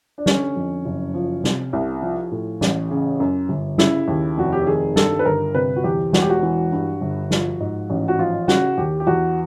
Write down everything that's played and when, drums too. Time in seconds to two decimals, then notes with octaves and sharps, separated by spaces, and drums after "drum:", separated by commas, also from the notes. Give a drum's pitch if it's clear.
0.18 D4
0.26 D3 C#4, drum: snare
0.56 F2
0.85 F#1
1.14 F3
1.44 C3, drum: snare
1.73 C2
2.02 F3
2.31 A2
2.61 A1, drum: snare
2.91 C#3
3.20 F#2
3.49 G1
3.78 C#3 E4, drum: snare
4.08 D#2
4.37 F1 F#4
4.52 G4
4.67 D#3 G#4
4.96 G2 A4, drum: snare
5.19 B4
5.25 G1 A#4
5.54 C3 B4
5.76 F#4
5.84 E2 G4
6.13 E1 F#4, drum: snare
6.21 G4
6.29 F#4
6.42 E3
6.72 G2
7.01 G1
7.31 F3, drum: snare
7.60 G#2
7.90 A1
8.08 F#4
8.19 F3 F4
8.48 C#3 F#4, drum: snare
8.77 D#2 G4
9.00 G4
9.07 E2 F#4